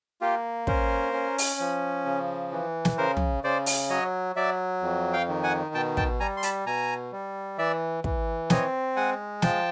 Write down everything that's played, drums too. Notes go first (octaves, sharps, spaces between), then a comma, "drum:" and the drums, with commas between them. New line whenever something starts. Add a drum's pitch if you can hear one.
A#3 F4 G4
C#4 A#4 C5, drum: kick
C#4
drum: open hi-hat
F3
C#3
E3
drum: snare
C#3 A#4 C5
drum: tom
C#3 C5 D5
drum: open hi-hat
F#3 C#5 D#5
F#3 D5 E5
F2
F5 G5
D#3
F#5 G#5
B2 G5 A5
G5 A5, drum: kick
G3 G#5 A#5
C6
A5 B5, drum: hi-hat
B2 G#5 A#5
G3
E3 D5 E5
E3, drum: kick
C4 C#5 D#5, drum: snare
G#3 F#5 G#5
F3 G5 A5, drum: snare